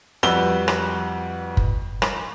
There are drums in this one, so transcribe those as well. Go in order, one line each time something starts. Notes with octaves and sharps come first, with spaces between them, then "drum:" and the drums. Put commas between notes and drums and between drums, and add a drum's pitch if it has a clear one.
F2 G3 F#4 B4 E6 G7, drum: rim click
drum: rim click
drum: kick
drum: rim click